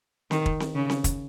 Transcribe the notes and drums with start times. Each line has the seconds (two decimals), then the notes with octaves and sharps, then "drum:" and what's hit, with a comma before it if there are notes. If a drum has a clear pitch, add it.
0.31 D#3, drum: snare C4
0.46 drum: kick
0.60 drum: snare C4
0.75 C#3
0.90 drum: snare C4
1.04 drum: kick, hi-hat